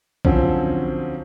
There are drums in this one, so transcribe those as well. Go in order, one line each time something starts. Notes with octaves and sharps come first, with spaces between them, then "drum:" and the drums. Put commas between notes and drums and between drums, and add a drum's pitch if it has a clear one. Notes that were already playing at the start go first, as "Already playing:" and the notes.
D3 F3 F#3 C4 C#4, drum: kick